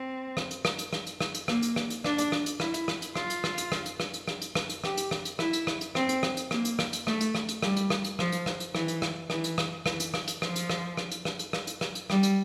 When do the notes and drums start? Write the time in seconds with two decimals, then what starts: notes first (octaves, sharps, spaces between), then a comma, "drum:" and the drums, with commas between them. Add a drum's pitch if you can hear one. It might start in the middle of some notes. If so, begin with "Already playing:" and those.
Already playing: C4
0.37 drum: rim click
0.51 drum: hi-hat
0.65 drum: rim click
0.79 drum: hi-hat
0.93 drum: rim click
1.07 drum: hi-hat
1.21 drum: rim click
1.34 drum: hi-hat
1.48 A#3, drum: rim click
1.62 drum: hi-hat
1.76 drum: rim click
1.90 drum: hi-hat
2.05 D4, drum: rim click
2.18 drum: hi-hat
2.32 drum: rim click
2.46 drum: hi-hat
2.60 E4, drum: rim click
2.74 drum: hi-hat
2.88 drum: rim click
3.02 drum: hi-hat
3.16 F4, drum: rim click
3.30 drum: hi-hat
3.44 drum: rim click
3.58 drum: hi-hat
3.72 drum: rim click
3.86 drum: hi-hat
4.00 drum: rim click
4.14 drum: hi-hat
4.28 drum: rim click
4.41 drum: hi-hat
4.55 drum: rim click
4.69 drum: hi-hat
4.84 G4, drum: rim click
4.97 drum: hi-hat
5.11 drum: rim click
5.25 drum: hi-hat
5.39 E4, drum: rim click
5.53 drum: hi-hat
5.67 drum: rim click
5.81 drum: hi-hat
5.95 C4, drum: rim click
6.09 drum: hi-hat
6.23 drum: rim click
6.37 drum: hi-hat
6.51 A#3, drum: rim click
6.65 drum: hi-hat
6.79 drum: rim click
6.93 drum: hi-hat
7.07 A3, drum: rim click
7.21 drum: hi-hat
7.35 drum: rim click
7.49 drum: hi-hat
7.63 G3, drum: rim click
7.76 drum: hi-hat
7.90 drum: rim click
8.04 drum: hi-hat
8.19 F3, drum: rim click
8.32 drum: hi-hat
8.46 drum: rim click
8.60 drum: hi-hat
8.75 E3, drum: rim click
8.88 drum: hi-hat
9.02 drum: rim click
9.30 E3, drum: rim click
9.44 drum: hi-hat
9.58 drum: rim click
9.86 E3, drum: rim click
10.00 drum: hi-hat
10.14 drum: rim click
10.28 drum: hi-hat
10.42 F3, drum: rim click
10.56 drum: hi-hat
10.70 drum: rim click
10.97 drum: rim click
11.11 drum: hi-hat
11.25 drum: rim click
11.39 drum: hi-hat
11.53 drum: rim click
11.67 drum: hi-hat
11.81 drum: rim click
11.95 drum: hi-hat
12.10 G3, drum: rim click
12.23 drum: hi-hat